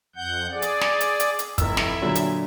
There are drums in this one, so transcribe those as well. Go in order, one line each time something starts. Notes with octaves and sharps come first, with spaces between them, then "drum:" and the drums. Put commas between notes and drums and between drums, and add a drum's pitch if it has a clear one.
F2 F#5 G6
G#4 D5
drum: hi-hat
drum: snare
drum: hi-hat
drum: hi-hat
drum: hi-hat
F1 E4 E5 E6, drum: kick, hi-hat
drum: snare
A#2 D3 F#3
drum: hi-hat